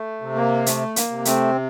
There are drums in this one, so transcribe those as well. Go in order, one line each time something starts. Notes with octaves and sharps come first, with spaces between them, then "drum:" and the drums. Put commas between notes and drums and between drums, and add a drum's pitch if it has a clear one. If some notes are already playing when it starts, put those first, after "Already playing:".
Already playing: A3
C3
A#3
A3, drum: hi-hat
A#3, drum: hi-hat
C3
A3 C4, drum: hi-hat